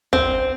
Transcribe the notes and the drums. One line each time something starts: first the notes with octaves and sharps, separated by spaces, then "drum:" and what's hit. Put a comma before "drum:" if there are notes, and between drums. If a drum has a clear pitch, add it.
C4, drum: kick